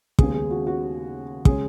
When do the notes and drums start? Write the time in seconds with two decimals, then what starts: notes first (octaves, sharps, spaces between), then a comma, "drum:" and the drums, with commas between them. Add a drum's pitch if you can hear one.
0.19 D#2 C#3 G#3 B3 G#4, drum: kick
0.34 G#4
0.51 F#4
0.67 F#4
1.45 C#3 G#3 C#4 G#4, drum: kick